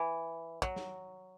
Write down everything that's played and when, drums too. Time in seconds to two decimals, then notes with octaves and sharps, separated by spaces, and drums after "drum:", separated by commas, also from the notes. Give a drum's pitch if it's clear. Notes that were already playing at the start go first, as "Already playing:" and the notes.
Already playing: E3
0.62 F#3, drum: kick
0.76 drum: snare